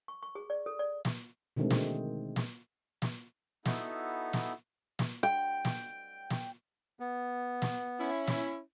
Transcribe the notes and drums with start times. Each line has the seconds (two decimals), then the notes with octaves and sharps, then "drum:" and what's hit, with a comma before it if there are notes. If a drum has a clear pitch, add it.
0.08 C#6
0.23 C#6
0.35 G#4
0.50 D5
0.66 A4
0.79 D5
1.05 drum: snare
1.56 B2 D3 D#3 G#3 A3 C4
1.70 drum: snare
2.36 drum: snare
3.02 drum: snare
3.65 B3 D#4 E4 F#4 A4, drum: snare
4.33 drum: snare
4.99 drum: snare
5.23 G5
5.65 drum: snare
6.30 drum: snare
7.00 B3
7.62 drum: snare
8.00 C#4 E4
8.27 drum: snare